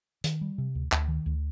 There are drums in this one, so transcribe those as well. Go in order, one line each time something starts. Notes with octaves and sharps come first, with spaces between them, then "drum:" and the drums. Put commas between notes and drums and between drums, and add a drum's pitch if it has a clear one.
D#3, drum: hi-hat
G3
C3
D2
D2, drum: clap
D#3
D2